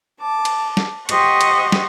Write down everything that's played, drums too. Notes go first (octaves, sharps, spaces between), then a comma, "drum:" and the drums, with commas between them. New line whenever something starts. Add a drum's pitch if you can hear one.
A5 D6
drum: cymbal
drum: snare
G4 C5 D#5 F#5 C#6, drum: cymbal
drum: cymbal
drum: snare